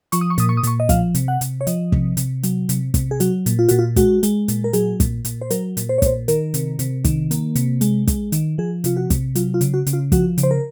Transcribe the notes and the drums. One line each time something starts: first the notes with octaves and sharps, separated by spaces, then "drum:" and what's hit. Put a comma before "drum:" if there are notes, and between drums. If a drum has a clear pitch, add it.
F3 C#6, drum: hi-hat
D#6
C#6
A#2 D#6, drum: hi-hat
C#6
D#6
A#2 C#6, drum: hi-hat
D#5
F3 F5, drum: kick, hi-hat
C3, drum: hi-hat
F#5
C3, drum: hi-hat
C#5
F3 D#5, drum: hi-hat
C3, drum: kick
C3, drum: hi-hat
F#3, drum: hi-hat
C3, drum: hi-hat
C3, drum: kick, hi-hat
G#4
F#3 F#4, drum: hi-hat
A#2, drum: hi-hat
F4
A#2 F#4, drum: hi-hat
F4
G#3 F#4, drum: kick, hi-hat
G#3, drum: hi-hat
A#2, drum: hi-hat
A#4
F#3 G#4, drum: hi-hat
A#2, drum: kick, hi-hat
A#2, drum: hi-hat
C5
F#3 A#4, drum: hi-hat
A#2, drum: hi-hat
C5
C#5
A#2 C5, drum: kick, hi-hat
D#3 A#4, drum: hi-hat
C3, drum: hi-hat
C3, drum: hi-hat
D#3, drum: kick, hi-hat
A#3, drum: hi-hat
C3, drum: hi-hat
G#3, drum: hi-hat
G#3, drum: kick, hi-hat
D#3, drum: hi-hat
F3 G#4
C3 F4, drum: hi-hat
F#4
C3, drum: kick, hi-hat
F#3 F4, drum: hi-hat
F4
C#3, drum: hi-hat
F#4
C#3, drum: hi-hat
F4
F3 F#4, drum: kick, hi-hat
C#3, drum: hi-hat
C5
A#4